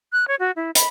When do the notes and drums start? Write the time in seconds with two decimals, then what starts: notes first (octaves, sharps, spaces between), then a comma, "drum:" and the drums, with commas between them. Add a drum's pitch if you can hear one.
0.12 F#6
0.28 C#5
0.40 F#4
0.56 E4
0.75 B5, drum: hi-hat